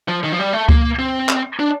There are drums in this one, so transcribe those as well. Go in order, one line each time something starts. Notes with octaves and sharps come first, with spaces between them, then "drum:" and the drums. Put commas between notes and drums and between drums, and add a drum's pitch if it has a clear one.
F3
D#3
F3
G3
A3
A#3, drum: kick C#2
C4
drum: clap
D4